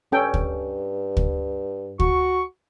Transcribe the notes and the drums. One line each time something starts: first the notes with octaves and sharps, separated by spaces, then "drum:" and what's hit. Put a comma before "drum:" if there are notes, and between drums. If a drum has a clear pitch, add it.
G2 C#4 A4 G5
drum: kick
drum: kick
F#4 C#6, drum: kick